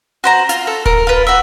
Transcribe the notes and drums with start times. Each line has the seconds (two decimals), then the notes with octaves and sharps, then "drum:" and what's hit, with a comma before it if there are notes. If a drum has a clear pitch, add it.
0.24 F#4 C5 A#5
0.49 F4, drum: hi-hat
0.67 A4
0.86 A#4, drum: kick D1
1.07 F4 B4
1.27 F#4 E5